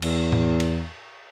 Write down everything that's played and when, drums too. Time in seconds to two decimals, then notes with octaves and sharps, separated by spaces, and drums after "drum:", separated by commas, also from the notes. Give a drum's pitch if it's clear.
0.02 E2, drum: cymbal
0.32 drum: tom A2
0.60 drum: cymbal